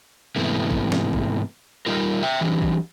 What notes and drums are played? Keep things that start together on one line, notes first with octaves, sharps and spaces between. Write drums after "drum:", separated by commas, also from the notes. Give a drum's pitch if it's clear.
G#2 C3 E3 A3 B3 E4
drum: kick A1
drum: snare
drum: kick A1
G3 D#4 F4 A#4
E5 G5
E3 F#3 G3 D4
drum: kick A1